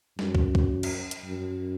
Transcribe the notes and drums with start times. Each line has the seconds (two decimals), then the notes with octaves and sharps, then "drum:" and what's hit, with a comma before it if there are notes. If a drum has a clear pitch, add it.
0.19 F#2, drum: snare
0.35 drum: kick
0.55 drum: kick
0.83 drum: cymbal
1.11 drum: hi-hat
1.25 F#2